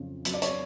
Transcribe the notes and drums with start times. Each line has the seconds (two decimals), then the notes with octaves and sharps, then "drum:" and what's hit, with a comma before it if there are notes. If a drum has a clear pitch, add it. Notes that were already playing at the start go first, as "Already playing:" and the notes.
Already playing: F2 C#3 F#3
0.25 F#3, drum: hi-hat
0.34 D5
0.42 C#5, drum: hi-hat